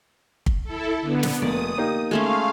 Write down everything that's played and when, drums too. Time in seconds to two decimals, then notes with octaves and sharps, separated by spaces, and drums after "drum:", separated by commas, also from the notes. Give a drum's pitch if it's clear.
0.46 drum: kick
0.64 E4 A4
1.01 D3 B3
1.23 drum: snare
1.42 F1 A#3 D5 D#6
1.78 A#3 D#4 G4
2.11 G#3 A3 C#4 F5